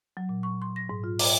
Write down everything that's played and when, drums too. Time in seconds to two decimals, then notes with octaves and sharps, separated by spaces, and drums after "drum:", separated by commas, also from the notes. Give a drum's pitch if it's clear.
0.17 F#3
0.29 A#2
0.43 C#6
0.62 C6
0.76 A#6
0.89 G#2
1.04 F4
1.19 D6, drum: open hi-hat